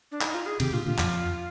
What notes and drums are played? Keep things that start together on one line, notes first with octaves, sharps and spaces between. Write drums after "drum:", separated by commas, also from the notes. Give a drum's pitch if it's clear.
D4
D#4, drum: clap
F4
G#4
C3 D#3 G4, drum: cymbal
A#2 D3 F4
A#2 D3 F4
F2, drum: clap